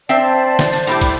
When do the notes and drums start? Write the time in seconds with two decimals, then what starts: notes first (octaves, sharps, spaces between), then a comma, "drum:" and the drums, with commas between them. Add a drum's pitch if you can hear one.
0.09 C4 C5 D5 E5 A5
0.59 drum: snare
0.73 drum: cymbal
0.87 A2 E4 G4
1.01 drum: kick, cymbal